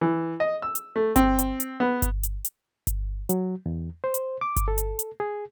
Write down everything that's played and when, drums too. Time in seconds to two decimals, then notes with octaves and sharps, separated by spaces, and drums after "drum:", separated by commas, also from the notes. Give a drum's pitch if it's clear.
0.01 E3
0.40 D#5
0.62 E6
0.75 drum: hi-hat
0.96 A3
1.16 C4, drum: kick G1, hi-hat
1.39 drum: hi-hat
1.60 drum: hi-hat
1.80 B3
2.02 drum: kick G1, hi-hat
2.23 drum: hi-hat
2.45 drum: hi-hat
2.87 drum: kick G1, hi-hat
3.29 F#3, drum: hi-hat
3.66 E2
4.04 C5
4.14 drum: hi-hat
4.41 D6
4.56 drum: kick G1, hi-hat
4.68 A4
4.78 drum: hi-hat
4.99 drum: hi-hat
5.20 G#4